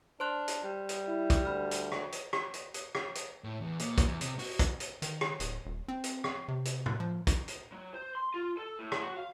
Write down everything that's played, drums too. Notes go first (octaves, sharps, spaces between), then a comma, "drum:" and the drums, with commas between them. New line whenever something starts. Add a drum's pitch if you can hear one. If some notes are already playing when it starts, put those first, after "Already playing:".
D4 C5 C6 F#6
drum: hi-hat
G3
drum: hi-hat
E4
drum: kick, hi-hat
D2 B5 F6
drum: hi-hat
drum: rim click
drum: hi-hat
drum: rim click
drum: hi-hat
drum: hi-hat
drum: rim click
drum: hi-hat
A2
E2
A#2, drum: hi-hat
drum: kick, hi-hat
E2
C3, drum: hi-hat
F#4, drum: open hi-hat
drum: kick, hi-hat
drum: hi-hat
D#3, drum: hi-hat
drum: rim click
D1, drum: hi-hat
D#1
C4
drum: hi-hat
drum: rim click
C3
drum: hi-hat
drum: tom
F3
drum: kick, hi-hat
drum: hi-hat
F#3
C5
C6
F4
A4
A2
drum: rim click
F#4
F5